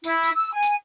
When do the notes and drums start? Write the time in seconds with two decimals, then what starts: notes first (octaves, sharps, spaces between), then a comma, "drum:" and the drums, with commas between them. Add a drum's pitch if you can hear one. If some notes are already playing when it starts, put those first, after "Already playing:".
0.04 E4, drum: tambourine
0.23 drum: tambourine
0.35 E6
0.53 G#5
0.63 drum: tambourine